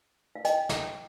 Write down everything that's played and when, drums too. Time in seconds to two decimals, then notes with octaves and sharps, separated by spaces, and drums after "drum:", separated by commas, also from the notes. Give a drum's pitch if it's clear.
0.36 F5
0.45 D#5 G5, drum: hi-hat
0.69 drum: snare